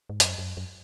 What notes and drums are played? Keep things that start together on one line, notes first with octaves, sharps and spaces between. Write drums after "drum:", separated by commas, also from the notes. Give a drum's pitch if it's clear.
G#2
F#2, drum: hi-hat
F#2
F#2